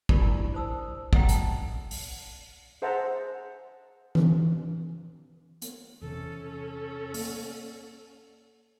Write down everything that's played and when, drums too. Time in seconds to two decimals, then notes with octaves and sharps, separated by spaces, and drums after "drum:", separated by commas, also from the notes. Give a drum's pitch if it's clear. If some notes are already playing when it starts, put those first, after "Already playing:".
0.09 D4 F4 G4 A#4 D5 B5, drum: kick
0.22 E4 D5 G#5
0.54 C5 A5 D#6 E6
1.13 A4 D#5 F#5 G5 A#5, drum: kick
1.29 A5, drum: hi-hat
1.91 drum: open hi-hat
2.82 G#4 C5 E5 F#5 A5 A#5
4.15 drum: tom E3
5.62 drum: hi-hat
6.02 E2 C3 C#4 A4
7.14 A#3, drum: open hi-hat